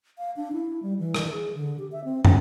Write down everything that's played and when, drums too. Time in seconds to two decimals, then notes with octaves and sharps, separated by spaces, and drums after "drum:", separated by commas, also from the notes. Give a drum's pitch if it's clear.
0.18 F5
0.37 D4
0.53 E4
0.83 G3
0.99 E3
1.15 drum: rim click
1.32 G#4
1.54 D3
1.79 G4
1.92 E5
2.04 C4
2.25 C#4, drum: tom